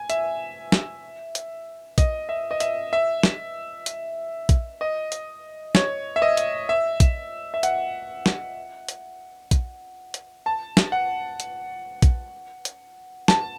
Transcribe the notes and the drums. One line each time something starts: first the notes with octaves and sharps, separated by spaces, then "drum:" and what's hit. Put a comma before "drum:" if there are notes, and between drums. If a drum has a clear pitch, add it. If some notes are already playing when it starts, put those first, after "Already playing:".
Already playing: G#5
E5, drum: hi-hat
drum: snare
drum: hi-hat
D#5, drum: kick A#1, hi-hat
E5
D#5
E5, drum: hi-hat
E5
drum: snare
drum: hi-hat
drum: kick A#1, hi-hat
D#5
drum: hi-hat
C#5, drum: snare
E5
D#5
drum: hi-hat
E5
drum: kick A#1, hi-hat
E5
F#5, drum: hi-hat
drum: snare
drum: hi-hat
drum: kick A#1, hi-hat
drum: hi-hat
A5
drum: snare
F#5
drum: hi-hat
drum: kick A#1, hi-hat
drum: hi-hat
A5, drum: snare